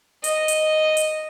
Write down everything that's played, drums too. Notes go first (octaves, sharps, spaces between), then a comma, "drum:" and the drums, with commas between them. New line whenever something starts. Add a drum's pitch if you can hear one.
D#5, drum: hi-hat
drum: hi-hat
drum: hi-hat